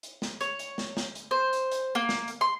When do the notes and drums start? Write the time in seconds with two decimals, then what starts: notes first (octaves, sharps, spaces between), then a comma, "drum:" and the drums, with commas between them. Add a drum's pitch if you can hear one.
0.03 drum: hi-hat
0.22 drum: snare
0.41 C#5, drum: hi-hat
0.59 drum: hi-hat
0.78 drum: snare
0.97 drum: snare
1.15 drum: hi-hat
1.31 C5
1.53 drum: hi-hat
1.71 drum: hi-hat
1.95 A#3
2.09 drum: snare
2.28 drum: hi-hat
2.41 C6